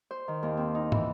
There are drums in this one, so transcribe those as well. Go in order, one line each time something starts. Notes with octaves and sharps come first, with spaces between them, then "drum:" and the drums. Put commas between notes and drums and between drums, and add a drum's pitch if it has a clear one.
C5
D#3
D#2
C4
D#4
E3, drum: tom